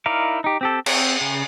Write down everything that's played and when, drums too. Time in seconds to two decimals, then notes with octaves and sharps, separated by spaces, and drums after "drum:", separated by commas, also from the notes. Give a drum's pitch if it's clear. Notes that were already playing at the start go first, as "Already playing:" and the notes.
0.06 D#4 E4 A#4 D5 F5
0.44 D#4 G4
0.61 C4 G4 A4
0.86 C4, drum: cymbal
1.21 C#3